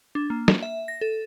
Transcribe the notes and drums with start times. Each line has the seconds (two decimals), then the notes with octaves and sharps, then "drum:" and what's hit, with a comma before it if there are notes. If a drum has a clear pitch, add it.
0.15 D4
0.30 A#3
0.48 drum: snare
0.62 E5
0.88 A#6
1.01 A4